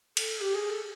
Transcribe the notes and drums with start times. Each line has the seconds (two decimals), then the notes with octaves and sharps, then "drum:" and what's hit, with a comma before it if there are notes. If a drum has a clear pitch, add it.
0.17 A4, drum: cymbal
0.41 G4
0.55 G#4
0.70 A4